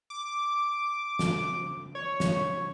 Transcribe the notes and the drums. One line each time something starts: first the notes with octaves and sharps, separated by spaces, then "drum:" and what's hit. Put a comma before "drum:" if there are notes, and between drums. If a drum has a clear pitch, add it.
D6
drum: snare
C#5
drum: snare